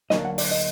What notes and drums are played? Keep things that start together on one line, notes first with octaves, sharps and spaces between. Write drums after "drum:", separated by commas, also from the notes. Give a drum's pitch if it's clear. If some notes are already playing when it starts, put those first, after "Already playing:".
D2 D3 F#3 A#3 D4 D#5, drum: snare
F#5
D5, drum: open hi-hat
D#5